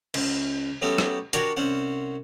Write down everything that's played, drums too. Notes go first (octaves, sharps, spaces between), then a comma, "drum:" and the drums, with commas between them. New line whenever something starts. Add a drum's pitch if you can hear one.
C#2, drum: cymbal
F#3 A3 B3 C#4 G4
drum: rim click
D4 F#4 G4 A#4 C#5, drum: hi-hat
C2 C#4 C5 F#5